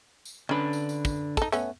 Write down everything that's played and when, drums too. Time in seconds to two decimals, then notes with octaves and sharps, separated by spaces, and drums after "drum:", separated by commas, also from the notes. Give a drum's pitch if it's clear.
0.25 drum: tambourine
0.49 D3 C#4 D4 B4 B5
0.73 drum: tambourine
0.89 drum: tambourine
1.05 drum: kick, tambourine
1.37 D#4 A4, drum: kick, tambourine
1.52 A3 B3 C#4, drum: tambourine